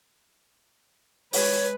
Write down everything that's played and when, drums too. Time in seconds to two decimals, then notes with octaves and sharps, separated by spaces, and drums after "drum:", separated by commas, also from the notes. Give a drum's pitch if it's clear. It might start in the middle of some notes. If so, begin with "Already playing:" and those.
1.33 G#3 B4 C#5, drum: open hi-hat